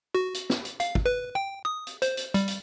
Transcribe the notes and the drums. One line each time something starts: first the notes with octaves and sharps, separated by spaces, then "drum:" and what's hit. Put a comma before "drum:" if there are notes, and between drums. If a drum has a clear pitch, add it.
F#4
drum: hi-hat
drum: snare
drum: hi-hat
F5, drum: hi-hat
drum: kick
B4
G5
D#6
drum: hi-hat
C5, drum: hi-hat
drum: hi-hat
G3, drum: hi-hat
drum: hi-hat